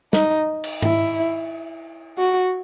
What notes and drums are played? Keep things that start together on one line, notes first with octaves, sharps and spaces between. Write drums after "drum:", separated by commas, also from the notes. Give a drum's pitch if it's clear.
D#4, drum: snare
drum: cymbal
E4, drum: tom G#2
F#4